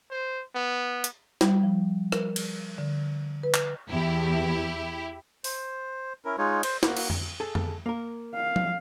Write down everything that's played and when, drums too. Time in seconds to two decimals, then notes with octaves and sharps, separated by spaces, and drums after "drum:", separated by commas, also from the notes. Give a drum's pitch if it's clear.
0.11 C5
0.55 B3
1.04 drum: hi-hat
1.41 G3, drum: snare
1.63 F3
2.12 A#4, drum: rim click
2.36 drum: cymbal
2.78 D3
3.43 B4
3.54 drum: clap
3.91 E2 E4 G4
5.44 C5, drum: open hi-hat
6.25 C#4 E4 A#4
6.38 G#3 D#4 F4 C#5
6.63 C5, drum: cymbal
6.83 A#3 F#4, drum: snare
6.97 drum: cymbal
7.10 drum: tom F2
7.40 G#4 A4
7.55 drum: tom F2
7.86 A#3 A#4
8.34 F5
8.56 drum: tom F3